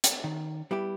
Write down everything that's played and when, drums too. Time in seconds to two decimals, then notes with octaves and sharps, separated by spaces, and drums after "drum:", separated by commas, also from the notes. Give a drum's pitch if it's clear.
0.04 drum: hi-hat
0.24 D#3
0.71 G3 B3 E4 G4